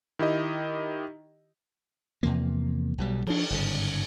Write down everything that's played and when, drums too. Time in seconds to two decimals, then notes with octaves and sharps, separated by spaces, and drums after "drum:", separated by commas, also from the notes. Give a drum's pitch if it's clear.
0.19 D#3 E4 G4 D#5
2.23 E2 C3 F3 A#3
2.98 B1 B2 G3
3.27 F3 D4, drum: cymbal
3.50 G1 G#2 C#3